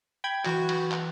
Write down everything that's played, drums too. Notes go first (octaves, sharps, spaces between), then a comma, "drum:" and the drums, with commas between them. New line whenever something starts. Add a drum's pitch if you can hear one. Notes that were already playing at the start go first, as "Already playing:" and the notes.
G5 B5 G#6
E3 F#4, drum: clap
drum: cymbal
drum: clap